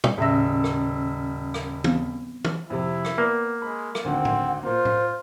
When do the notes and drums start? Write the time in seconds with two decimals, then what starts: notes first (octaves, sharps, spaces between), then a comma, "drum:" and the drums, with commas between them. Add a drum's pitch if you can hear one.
0.04 drum: tom
0.18 D#1 A2 C#3 E5 E6 A#6
0.64 drum: rim click
1.54 drum: rim click
1.84 B3 C4 F5, drum: tom
2.45 drum: tom
2.70 F2 C3 E4
3.05 drum: rim click
3.18 A#3 B3 D5
3.62 G#3 B5
3.95 drum: rim click
4.05 G#1 D2 C4 F#5
4.25 drum: tom
4.63 A#2 A#3 F4 C5
4.85 drum: tom